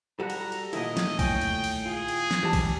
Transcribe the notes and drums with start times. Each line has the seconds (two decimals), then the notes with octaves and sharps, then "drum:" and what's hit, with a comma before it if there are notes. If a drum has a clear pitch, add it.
0.20 G3 F#4 A4 F#5 A#5
0.30 drum: cymbal
0.52 drum: cymbal
0.73 A#2 D#3 E4 A4 D#5, drum: cymbal
0.97 drum: snare
1.19 A3 C#5 G5 G#5, drum: kick, cymbal
1.41 drum: cymbal
1.64 drum: cymbal
1.86 F4 G#4
2.08 drum: cymbal
2.31 drum: snare
2.43 E3 G3 G4 A5
2.53 drum: kick, cymbal